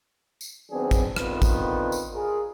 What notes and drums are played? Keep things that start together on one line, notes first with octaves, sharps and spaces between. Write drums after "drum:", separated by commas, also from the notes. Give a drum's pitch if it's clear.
drum: tambourine
D#3 F#3 B3 C4 D4 G#4
drum: kick A1, tambourine
D3 D#3 B3 C4 F4 B4, drum: rim click
drum: kick A1, tambourine
drum: tambourine
F4 G#4 A#4